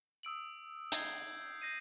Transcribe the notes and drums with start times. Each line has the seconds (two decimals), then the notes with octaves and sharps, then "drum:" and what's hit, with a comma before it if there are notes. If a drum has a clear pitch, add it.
0.23 D#6 E6 D7 F#7
0.92 G6 G#6 C7, drum: hi-hat
1.62 G6 A#6 C7 D#7